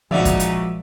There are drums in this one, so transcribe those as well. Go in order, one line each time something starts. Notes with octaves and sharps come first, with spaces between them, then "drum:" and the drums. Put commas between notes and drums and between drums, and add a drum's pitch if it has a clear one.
A#1 C#3 F3 G#3 D#4 F#4 D5 E5
drum: kick, hi-hat
drum: hi-hat